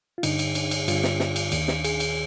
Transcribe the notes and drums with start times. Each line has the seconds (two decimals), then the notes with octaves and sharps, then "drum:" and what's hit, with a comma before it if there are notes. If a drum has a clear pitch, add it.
0.18 F4
0.23 G2 D3 D#4, drum: cymbal
0.39 drum: cymbal
0.55 drum: cymbal
0.71 drum: cymbal
0.88 G2 D3 F4, drum: cymbal
1.04 drum: snare
1.20 drum: snare
1.36 drum: cymbal
1.52 D#2 D#3, drum: cymbal
1.68 drum: snare
1.84 G#4, drum: cymbal
2.00 drum: cymbal